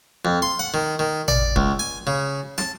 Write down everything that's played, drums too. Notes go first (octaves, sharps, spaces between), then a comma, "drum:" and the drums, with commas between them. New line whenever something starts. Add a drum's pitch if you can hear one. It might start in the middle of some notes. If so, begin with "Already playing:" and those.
F2
C6
F#5
D#3
D#3
D5, drum: tom A1
C#2, drum: kick E1
G#5
C#3
A5, drum: snare